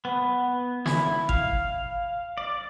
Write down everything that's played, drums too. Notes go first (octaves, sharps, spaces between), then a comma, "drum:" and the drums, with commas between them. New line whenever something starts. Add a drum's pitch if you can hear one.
B3
E4, drum: snare
F5, drum: kick
D5